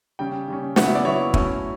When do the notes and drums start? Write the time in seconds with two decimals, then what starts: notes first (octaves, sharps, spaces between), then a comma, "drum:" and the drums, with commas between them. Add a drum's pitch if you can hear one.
0.19 C#3 G3 C#4 G5
0.48 C#3 G3 C#4
0.76 C#3 F#3 B3 E4 F#5, drum: snare
0.86 E5
0.95 D5
1.05 C#3 F#3 B3 E4 C#5
1.34 F#3 A3 C#4 E4, drum: kick